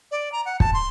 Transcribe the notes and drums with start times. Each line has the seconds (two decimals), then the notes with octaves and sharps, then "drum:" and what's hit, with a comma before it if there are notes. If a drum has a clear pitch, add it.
0.11 D5
0.32 A#5
0.45 F#5
0.60 A5, drum: kick
0.73 C6